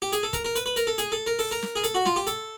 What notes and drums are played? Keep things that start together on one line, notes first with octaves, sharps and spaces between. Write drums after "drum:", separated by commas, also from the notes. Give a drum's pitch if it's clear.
G4
G#4, drum: hi-hat
A4
A#4, drum: kick, hi-hat
A#4
B4, drum: hi-hat
B4
A#4, drum: hi-hat
A4
G#4, drum: hi-hat
A4
A#4
A4, drum: open hi-hat
A#4
drum: snare
G#4
A4, drum: hi-hat
F#4
F4, drum: snare
G4
A4, drum: hi-hat